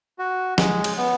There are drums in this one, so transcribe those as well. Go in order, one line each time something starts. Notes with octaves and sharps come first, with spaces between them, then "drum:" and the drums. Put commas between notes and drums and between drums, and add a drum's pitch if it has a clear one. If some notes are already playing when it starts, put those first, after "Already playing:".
F#4
G#3, drum: snare
drum: cymbal
B3